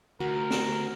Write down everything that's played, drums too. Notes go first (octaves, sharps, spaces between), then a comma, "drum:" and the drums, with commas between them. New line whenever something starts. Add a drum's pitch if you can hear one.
D2 F#4 A#4
drum: snare